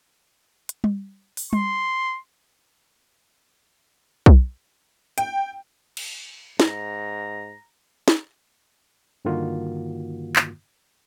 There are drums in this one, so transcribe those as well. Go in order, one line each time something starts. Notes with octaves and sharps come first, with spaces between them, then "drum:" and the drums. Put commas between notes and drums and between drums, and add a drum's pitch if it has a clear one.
drum: hi-hat
drum: tom G3
drum: open hi-hat
C6, drum: tom G3
drum: kick B1
G5, drum: hi-hat
drum: cymbal
G#2 A#5, drum: snare
drum: snare
G2 D3 D#3 A#3 F4 F#4
drum: clap